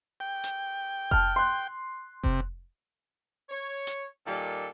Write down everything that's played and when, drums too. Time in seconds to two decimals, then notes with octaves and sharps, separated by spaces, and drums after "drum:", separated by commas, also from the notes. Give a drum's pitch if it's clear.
0.20 G5
0.44 drum: hi-hat
1.11 A5 F6, drum: kick F1
1.36 C6 F#6
2.24 C3, drum: kick F1
3.49 C#5
3.87 drum: hi-hat
4.27 A#2 D#3 G3 A4